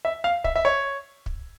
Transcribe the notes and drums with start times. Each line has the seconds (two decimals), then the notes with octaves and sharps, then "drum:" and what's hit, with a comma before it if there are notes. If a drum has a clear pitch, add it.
0.05 E5
0.24 F5
0.44 E5, drum: kick
0.56 E5
0.65 C#5
1.26 drum: kick